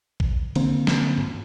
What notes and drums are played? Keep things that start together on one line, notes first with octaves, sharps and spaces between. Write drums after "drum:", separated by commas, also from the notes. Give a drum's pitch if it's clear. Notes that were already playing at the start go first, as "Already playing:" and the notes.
drum: kick A#1
D3 A#3 C4, drum: cymbal
drum: snare
drum: tom G2